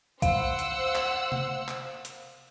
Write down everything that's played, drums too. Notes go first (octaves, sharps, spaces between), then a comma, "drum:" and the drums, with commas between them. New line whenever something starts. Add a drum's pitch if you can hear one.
C5 F5 F#5 E6, drum: kick B1, hi-hat
drum: hi-hat
drum: clap
drum: tom C3
drum: clap
drum: hi-hat